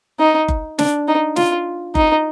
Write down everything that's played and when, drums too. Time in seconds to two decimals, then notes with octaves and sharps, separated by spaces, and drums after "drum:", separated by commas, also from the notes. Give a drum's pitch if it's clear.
0.19 D#4
0.48 drum: kick F#1
0.79 D4, drum: snare
1.08 D#4
1.36 F4, drum: snare
1.95 D#4, drum: kick F#1